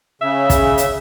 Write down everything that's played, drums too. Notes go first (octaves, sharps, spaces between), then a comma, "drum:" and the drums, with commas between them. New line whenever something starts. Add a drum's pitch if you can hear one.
C#3 E5
drum: kick, hi-hat
drum: hi-hat